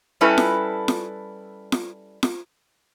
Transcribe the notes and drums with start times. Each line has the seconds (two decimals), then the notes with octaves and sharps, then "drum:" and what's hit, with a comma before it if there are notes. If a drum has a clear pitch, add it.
0.21 G3 C#4 E4 A4 B4 D#5
0.38 drum: snare F4
0.88 drum: snare F4
1.72 drum: snare F4
2.23 drum: snare F4